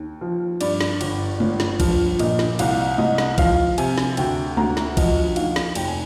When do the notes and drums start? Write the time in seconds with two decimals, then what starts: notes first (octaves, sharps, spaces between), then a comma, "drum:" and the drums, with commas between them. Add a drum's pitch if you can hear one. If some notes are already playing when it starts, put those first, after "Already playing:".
Already playing: D#2
0.21 F3
0.61 G2 D5, drum: cymbal
0.81 drum: snare
1.01 G1, drum: cymbal
1.40 G1, drum: tom G#3
1.60 drum: snare
1.80 F3, drum: kick A#1, cymbal
2.19 A#2 D#5, drum: cymbal
2.39 drum: snare
2.59 C2 F5, drum: cymbal
2.98 C2 D#5, drum: tom G#3
3.18 drum: snare
3.38 F3 F5, drum: kick A#1, cymbal
3.78 C3 G#5, drum: cymbal
3.98 drum: snare
4.17 D2 G5, drum: cymbal
4.57 D2 A#5, drum: tom G#3
4.77 drum: snare
4.97 F3 D#5, drum: kick A#1, cymbal
5.36 D#2 F5, drum: cymbal
5.56 drum: snare
5.75 F1 G5, drum: cymbal
5.88 G#5